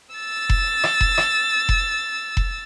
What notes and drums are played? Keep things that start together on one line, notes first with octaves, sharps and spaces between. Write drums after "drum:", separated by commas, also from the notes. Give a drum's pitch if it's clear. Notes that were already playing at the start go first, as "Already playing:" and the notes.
E6 A6
drum: kick F1
drum: rim click
drum: kick F1
drum: rim click
drum: kick F1
drum: kick F1